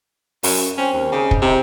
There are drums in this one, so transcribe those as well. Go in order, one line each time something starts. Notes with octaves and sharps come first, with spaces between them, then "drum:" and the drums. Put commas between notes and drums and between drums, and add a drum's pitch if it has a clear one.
F#2, drum: open hi-hat
C4 C#4 C5 C#5
D#2
C#3 G#3 D#4 D6
drum: kick
C3 D#4 E4 G#4